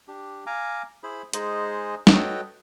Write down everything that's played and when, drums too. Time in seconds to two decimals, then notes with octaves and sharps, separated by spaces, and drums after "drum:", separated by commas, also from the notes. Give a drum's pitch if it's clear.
0.08 D4 G4
0.46 F5 G#5 A#5 D6
1.03 E4 G#4 C5 B5
1.33 G#3 D#4 G#4 C5 D#5, drum: hi-hat
2.07 F#4 A4 B4 C#5 D#5 G5, drum: snare